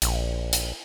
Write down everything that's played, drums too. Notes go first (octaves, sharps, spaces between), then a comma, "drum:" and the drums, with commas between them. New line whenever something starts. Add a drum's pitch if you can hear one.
A#1, drum: hi-hat
drum: hi-hat